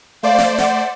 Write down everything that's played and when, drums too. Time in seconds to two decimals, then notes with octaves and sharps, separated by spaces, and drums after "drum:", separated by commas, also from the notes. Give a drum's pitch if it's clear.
0.23 A3 C5 D5 F5
0.38 drum: snare
0.58 F#5, drum: snare